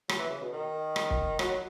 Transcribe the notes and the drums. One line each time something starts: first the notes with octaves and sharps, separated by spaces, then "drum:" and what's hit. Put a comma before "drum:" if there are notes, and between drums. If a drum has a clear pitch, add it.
F#3, drum: rim click
E3
C#3
B2
D#3
drum: rim click
drum: kick
F#3, drum: rim click